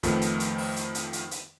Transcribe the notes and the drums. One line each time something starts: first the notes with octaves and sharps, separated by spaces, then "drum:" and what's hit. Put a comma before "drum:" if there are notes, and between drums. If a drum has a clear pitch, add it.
F2 D#3 F3 A3 B3, drum: kick, hi-hat
drum: hi-hat
drum: hi-hat
drum: open hi-hat
drum: hi-hat
drum: hi-hat
drum: hi-hat
drum: hi-hat